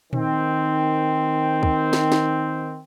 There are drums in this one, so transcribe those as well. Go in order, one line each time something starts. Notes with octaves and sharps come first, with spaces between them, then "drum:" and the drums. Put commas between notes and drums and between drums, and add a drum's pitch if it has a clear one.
D#3 C4, drum: tom A#2
drum: kick
drum: snare
drum: snare